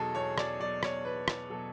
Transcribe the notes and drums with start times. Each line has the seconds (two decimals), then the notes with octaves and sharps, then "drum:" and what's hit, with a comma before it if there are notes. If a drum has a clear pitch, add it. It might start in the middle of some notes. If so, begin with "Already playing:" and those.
Already playing: E2 B2 F#3 G#4 A4
0.15 E2 C#5
0.38 D5, drum: rim click
0.60 B2 F#3 D5
0.83 C#5, drum: rim click
1.05 E2 B4
1.28 drum: rim click
1.50 B2 F#3 A4